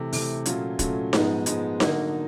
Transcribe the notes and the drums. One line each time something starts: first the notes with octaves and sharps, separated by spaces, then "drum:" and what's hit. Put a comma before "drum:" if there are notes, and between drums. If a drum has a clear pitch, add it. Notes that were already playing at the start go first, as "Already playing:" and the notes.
Already playing: C3 E3 A3
C3 E3 A3, drum: open hi-hat
A#2 F#3 A3 C#4 F4, drum: hi-hat
A#2 F#3 A3 C#4 F4, drum: kick, hi-hat
G#2 F3 G#3 B3, drum: snare D#4
G#2 F3 G#3 B3, drum: hi-hat
D3 F#3 A#3 D#4 F#4, drum: snare D#4